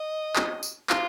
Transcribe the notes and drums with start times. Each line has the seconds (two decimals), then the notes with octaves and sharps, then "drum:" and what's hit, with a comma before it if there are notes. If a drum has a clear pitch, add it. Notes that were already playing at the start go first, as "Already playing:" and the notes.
Already playing: D#5
0.36 drum: clap
0.63 drum: tambourine
0.90 F4, drum: clap